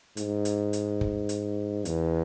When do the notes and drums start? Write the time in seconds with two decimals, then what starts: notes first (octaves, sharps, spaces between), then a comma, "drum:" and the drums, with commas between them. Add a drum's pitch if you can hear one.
0.17 G#2, drum: hi-hat
0.45 drum: hi-hat
0.73 drum: hi-hat
1.01 drum: kick
1.29 drum: hi-hat
1.85 E2, drum: hi-hat